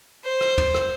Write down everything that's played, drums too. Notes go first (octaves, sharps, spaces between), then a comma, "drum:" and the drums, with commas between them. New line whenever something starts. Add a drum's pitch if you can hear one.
C5
drum: rim click
drum: tom
drum: rim click